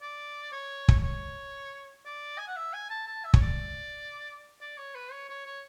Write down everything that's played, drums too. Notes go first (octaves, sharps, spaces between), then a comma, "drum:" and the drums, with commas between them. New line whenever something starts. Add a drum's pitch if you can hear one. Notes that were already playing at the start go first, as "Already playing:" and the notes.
D5
C#5
drum: kick
C#5
D5
G#5
F#5
E5
G#5
A5
A5
E5
C#5, drum: kick
D5
D5
C#5
B4
C#5
C#5
C#5